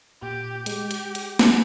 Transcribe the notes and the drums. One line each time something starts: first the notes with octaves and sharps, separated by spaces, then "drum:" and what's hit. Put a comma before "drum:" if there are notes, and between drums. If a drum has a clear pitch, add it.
A#2 G4
G#3 G4, drum: hi-hat
drum: hi-hat
drum: hi-hat
drum: snare